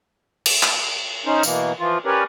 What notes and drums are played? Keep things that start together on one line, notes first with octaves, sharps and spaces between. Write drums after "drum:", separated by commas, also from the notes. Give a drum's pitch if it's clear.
drum: cymbal
drum: clap
C#4 D#4 C5
B2 E3 A#3, drum: tambourine
E3 F3 F4
C#4 G4 A#4 B4 C#5 D5